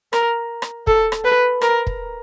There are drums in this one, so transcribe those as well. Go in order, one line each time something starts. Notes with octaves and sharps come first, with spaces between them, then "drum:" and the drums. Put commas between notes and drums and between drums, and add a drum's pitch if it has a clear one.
A#4, drum: rim click
drum: rim click
A4, drum: kick
drum: rim click
B4
A#4, drum: rim click
drum: kick